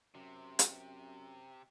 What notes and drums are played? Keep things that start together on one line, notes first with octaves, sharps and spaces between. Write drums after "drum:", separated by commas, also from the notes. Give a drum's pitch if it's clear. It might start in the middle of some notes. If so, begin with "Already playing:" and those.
F#2 C3
drum: hi-hat